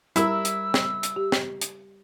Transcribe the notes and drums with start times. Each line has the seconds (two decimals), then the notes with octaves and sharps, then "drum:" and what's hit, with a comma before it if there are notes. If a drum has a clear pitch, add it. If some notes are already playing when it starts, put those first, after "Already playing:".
0.16 G3 E4 A#4 E5 E6, drum: hi-hat
0.45 drum: hi-hat
0.74 drum: snare
1.03 drum: hi-hat
1.16 G4
1.32 drum: snare
1.61 drum: hi-hat